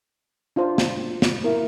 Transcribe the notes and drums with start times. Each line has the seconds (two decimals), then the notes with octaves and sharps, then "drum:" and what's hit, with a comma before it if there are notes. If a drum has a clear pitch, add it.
0.56 D4 F4 C5
0.78 drum: snare
1.22 drum: snare
1.44 A#3 E4 A#4